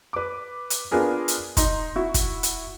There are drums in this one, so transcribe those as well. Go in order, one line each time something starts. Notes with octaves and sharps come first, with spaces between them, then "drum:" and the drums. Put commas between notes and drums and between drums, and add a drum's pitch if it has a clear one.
B4 D6
drum: hi-hat
B3 D4 F4 G#4 A#4
drum: hi-hat
D#4 A#5 C6, drum: kick, hi-hat
E4 F#4
drum: kick, hi-hat
drum: hi-hat